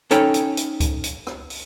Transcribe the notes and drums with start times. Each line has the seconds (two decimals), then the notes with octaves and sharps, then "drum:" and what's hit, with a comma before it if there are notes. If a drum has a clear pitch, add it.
0.11 C#4 D#4 A4 C#5 G5 B5, drum: hi-hat
0.34 drum: hi-hat
0.57 drum: hi-hat
0.80 drum: kick C#2, hi-hat
1.04 drum: hi-hat
1.27 drum: rim click
1.50 drum: open hi-hat